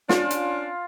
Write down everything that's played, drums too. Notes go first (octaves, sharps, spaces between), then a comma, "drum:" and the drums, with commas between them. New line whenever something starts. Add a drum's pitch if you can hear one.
C#4 D4 F4, drum: snare
drum: hi-hat